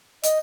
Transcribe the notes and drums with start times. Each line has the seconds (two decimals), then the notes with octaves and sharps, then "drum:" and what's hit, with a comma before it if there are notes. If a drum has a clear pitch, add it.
0.23 D#5, drum: hi-hat